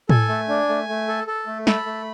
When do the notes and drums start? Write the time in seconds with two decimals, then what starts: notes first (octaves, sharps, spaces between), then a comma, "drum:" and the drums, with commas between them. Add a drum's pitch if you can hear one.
0.09 A4 G#5, drum: tom A2
0.29 A3
0.49 D4
0.69 A3
0.89 A3
1.08 A4
1.27 A4
1.47 A3
1.67 A4 B5, drum: snare
1.86 A3